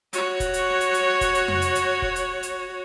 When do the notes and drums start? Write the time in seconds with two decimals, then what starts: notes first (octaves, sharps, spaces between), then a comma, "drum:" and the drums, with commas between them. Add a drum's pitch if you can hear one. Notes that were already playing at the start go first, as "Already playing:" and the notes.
0.13 F#4 C#5, drum: hi-hat
0.40 drum: kick F1, hi-hat
0.54 drum: hi-hat
0.81 drum: hi-hat
0.94 drum: hi-hat
1.21 drum: kick F1, hi-hat
1.35 drum: hi-hat
1.48 drum: tom F2
1.62 drum: hi-hat
1.75 drum: hi-hat
2.02 drum: kick F1
2.16 drum: hi-hat
2.43 drum: hi-hat